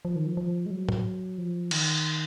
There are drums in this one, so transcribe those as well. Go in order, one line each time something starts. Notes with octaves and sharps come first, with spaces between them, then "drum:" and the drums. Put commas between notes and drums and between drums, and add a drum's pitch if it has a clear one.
F3
D#3
F3
F3
G#3
F#3
drum: tom
F3
D#3, drum: cymbal